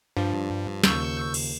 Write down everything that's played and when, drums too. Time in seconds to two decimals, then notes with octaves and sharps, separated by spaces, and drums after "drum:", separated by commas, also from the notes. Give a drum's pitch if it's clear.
0.17 G2 F3 D4
0.84 D#2 C#3 C#6 E6 G6, drum: snare
1.34 drum: cymbal